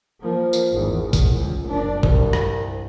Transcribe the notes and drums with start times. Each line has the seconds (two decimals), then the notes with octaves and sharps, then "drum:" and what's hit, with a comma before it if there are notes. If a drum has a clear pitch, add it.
0.21 F3 A#3
0.53 drum: tambourine
0.71 G#1 E2
1.00 E2
1.13 drum: kick A1, tambourine
1.35 C#2
1.67 F#1 D4
2.03 C2 G2, drum: kick A1
2.33 drum: rim click